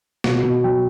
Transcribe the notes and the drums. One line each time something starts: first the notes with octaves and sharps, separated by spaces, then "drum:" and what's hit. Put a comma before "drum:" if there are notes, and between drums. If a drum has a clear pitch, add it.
B2, drum: snare
B2
F#3 G5